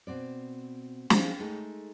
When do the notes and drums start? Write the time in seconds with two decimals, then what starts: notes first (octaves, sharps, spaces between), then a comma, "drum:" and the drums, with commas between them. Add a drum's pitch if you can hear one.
0.07 B2 C4 D5
1.10 F3 G#3 C4 D#4 E4 G4, drum: snare
1.39 G#3 A3 D#4 A4